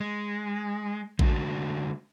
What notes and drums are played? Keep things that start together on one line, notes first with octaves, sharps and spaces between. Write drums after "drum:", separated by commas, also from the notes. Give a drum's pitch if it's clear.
G#3
D3 G#3 D4 F#4, drum: kick A1